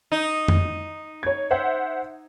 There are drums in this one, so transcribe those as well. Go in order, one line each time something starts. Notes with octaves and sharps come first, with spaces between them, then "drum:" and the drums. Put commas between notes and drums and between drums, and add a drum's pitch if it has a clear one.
D#4
drum: tom F2
C#5 G#6
C5 E5 F#5